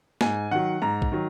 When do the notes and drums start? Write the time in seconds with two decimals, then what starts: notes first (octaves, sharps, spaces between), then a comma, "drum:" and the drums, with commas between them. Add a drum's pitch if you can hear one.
0.21 G#2 G#5, drum: snare
0.51 D#3 F#3 F#5
0.82 G#2 A#5
1.02 drum: kick
1.12 D#3 F#3